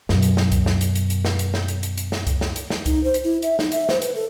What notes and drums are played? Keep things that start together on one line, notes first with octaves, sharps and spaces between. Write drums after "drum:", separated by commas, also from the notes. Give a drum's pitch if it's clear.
F#2 B2, drum: snare
drum: hi-hat
drum: snare
drum: kick C2, hi-hat
drum: snare
drum: hi-hat
drum: hi-hat
drum: hi-hat
drum: snare
drum: hi-hat
drum: snare
drum: hi-hat
drum: hi-hat
drum: hi-hat
drum: snare
drum: kick C2, hi-hat
drum: snare
drum: hi-hat
drum: snare
D#4, drum: kick C2, hi-hat
C5
drum: hi-hat
E4
E5, drum: hi-hat
D#4, drum: snare
E5, drum: hi-hat
C5, drum: snare
B4, drum: hi-hat
A4